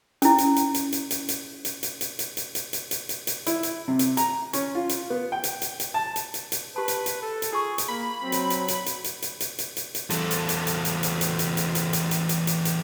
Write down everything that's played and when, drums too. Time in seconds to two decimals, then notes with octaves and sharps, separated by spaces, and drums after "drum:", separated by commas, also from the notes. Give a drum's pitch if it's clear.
0.22 C#4 E4, drum: hi-hat
0.38 drum: hi-hat
0.56 drum: hi-hat
0.74 drum: hi-hat
0.92 drum: hi-hat
1.11 drum: hi-hat
1.29 drum: hi-hat
1.65 drum: hi-hat
1.83 drum: hi-hat
2.01 drum: hi-hat
2.19 drum: hi-hat
2.37 drum: hi-hat
2.55 drum: hi-hat
2.73 drum: hi-hat
2.91 drum: hi-hat
3.09 drum: hi-hat
3.27 drum: hi-hat
3.46 E4, drum: hi-hat
3.63 drum: hi-hat
3.88 C3
3.99 drum: hi-hat
4.17 A#5, drum: hi-hat
4.53 C#4, drum: hi-hat
4.75 F4
4.89 drum: hi-hat
5.10 B3
5.32 G5
5.44 drum: hi-hat
5.62 drum: hi-hat
5.80 drum: hi-hat
5.94 A5
6.16 drum: hi-hat
6.34 drum: hi-hat
6.52 drum: hi-hat
6.76 G4 B4 A5
6.88 drum: hi-hat
7.06 drum: hi-hat
7.22 A4
7.42 drum: hi-hat
7.52 F4 G#4 C#6
7.78 drum: hi-hat
7.88 A#3 B5
8.22 F#3 C4
8.32 drum: hi-hat
8.50 drum: hi-hat
8.68 drum: hi-hat
8.86 drum: hi-hat
9.04 drum: hi-hat
9.22 drum: hi-hat
9.40 drum: hi-hat
9.59 drum: hi-hat
9.77 drum: hi-hat
9.95 drum: hi-hat
10.10 E2 A4, drum: hi-hat
10.31 drum: hi-hat
10.49 drum: hi-hat
10.67 drum: hi-hat
10.85 drum: hi-hat
11.03 drum: hi-hat
11.21 drum: hi-hat
11.39 drum: hi-hat
11.57 drum: hi-hat
11.75 drum: hi-hat
11.93 drum: hi-hat
12.11 drum: hi-hat
12.29 drum: hi-hat
12.47 drum: hi-hat
12.65 drum: hi-hat